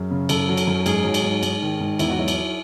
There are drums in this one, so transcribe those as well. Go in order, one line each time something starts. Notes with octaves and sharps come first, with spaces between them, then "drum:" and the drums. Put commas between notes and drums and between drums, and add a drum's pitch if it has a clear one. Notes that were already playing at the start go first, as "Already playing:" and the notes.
Already playing: F#2 G#4
C#3
F#2 A4, drum: cymbal
F#3
drum: cymbal
F#2
G#2 G#4, drum: cymbal
F#3
drum: cymbal
G#2
G#2, drum: cymbal
D#3
G#2
E2 E4, drum: cymbal
F#4
F#3 E4
drum: cymbal
F#3